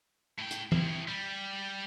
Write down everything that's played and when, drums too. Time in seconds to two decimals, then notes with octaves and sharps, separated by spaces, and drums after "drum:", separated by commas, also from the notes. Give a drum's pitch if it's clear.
0.38 A2 G5
0.51 drum: hi-hat
0.72 C4 E4, drum: tom E3
1.08 G3